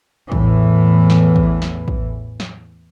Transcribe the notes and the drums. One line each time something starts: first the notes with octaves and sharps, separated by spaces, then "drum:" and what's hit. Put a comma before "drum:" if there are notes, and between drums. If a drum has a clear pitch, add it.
E2 A2 E3, drum: kick
drum: snare
drum: kick
drum: snare
drum: kick
drum: snare